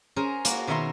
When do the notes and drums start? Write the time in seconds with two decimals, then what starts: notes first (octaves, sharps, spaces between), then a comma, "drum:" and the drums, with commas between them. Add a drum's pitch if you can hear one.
0.16 C#4 G#4 A#4 C5
0.45 A#3 F#4, drum: hi-hat
0.67 B2 D#3 C#5 E5 A#5 C6